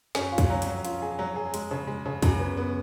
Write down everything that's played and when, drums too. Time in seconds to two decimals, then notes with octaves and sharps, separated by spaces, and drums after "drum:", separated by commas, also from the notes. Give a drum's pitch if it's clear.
0.15 F#2 C#4, drum: snare
0.32 F4
0.38 F#2, drum: kick, hi-hat
0.50 F#3
0.62 F2 F#3, drum: hi-hat
0.85 F4, drum: hi-hat
1.02 G#4
1.19 F#3
1.36 G#4
1.54 G#3, drum: hi-hat
1.71 C#3
1.87 G#3
2.06 C#3
2.22 F#2 C#3, drum: kick, hi-hat
2.39 B3
2.57 B3